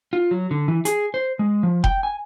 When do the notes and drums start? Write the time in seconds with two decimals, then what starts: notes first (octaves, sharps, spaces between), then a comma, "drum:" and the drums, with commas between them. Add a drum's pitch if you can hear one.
0.13 F4
0.31 F#3
0.51 D3
0.68 E3
0.85 G#4, drum: hi-hat
1.14 C5
1.39 G#3
1.63 F3
1.84 G5, drum: kick F1
2.03 G#5